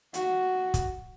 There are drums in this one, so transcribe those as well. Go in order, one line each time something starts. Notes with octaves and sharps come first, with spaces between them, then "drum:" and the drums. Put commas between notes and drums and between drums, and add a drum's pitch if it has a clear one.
F#4, drum: hi-hat
drum: kick, hi-hat